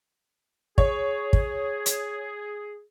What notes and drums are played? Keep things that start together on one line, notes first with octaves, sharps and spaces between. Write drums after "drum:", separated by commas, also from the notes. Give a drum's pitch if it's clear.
G#4 C#5, drum: kick
drum: kick
drum: hi-hat